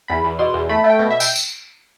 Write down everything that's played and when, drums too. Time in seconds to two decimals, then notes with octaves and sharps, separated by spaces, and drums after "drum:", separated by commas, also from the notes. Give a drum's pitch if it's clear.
0.08 E2 B5
0.24 E2
0.39 B2 C6
0.54 E2
0.69 A3 B5
0.84 A3
0.89 G5
0.99 B2
1.11 E5
1.20 G5, drum: tambourine
1.36 drum: tambourine